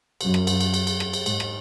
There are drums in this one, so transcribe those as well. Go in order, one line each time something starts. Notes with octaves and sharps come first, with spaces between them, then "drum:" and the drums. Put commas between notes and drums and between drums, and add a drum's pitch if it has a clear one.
F#2, drum: cymbal
drum: rim click
drum: cymbal
drum: cymbal
drum: cymbal
drum: cymbal
drum: rim click
drum: cymbal
G#2, drum: cymbal
drum: rim click